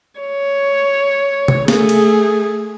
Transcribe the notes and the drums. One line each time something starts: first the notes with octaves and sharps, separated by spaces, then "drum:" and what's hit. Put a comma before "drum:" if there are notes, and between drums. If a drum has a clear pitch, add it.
C#5
drum: tom C3
A3 G#4, drum: snare
drum: cymbal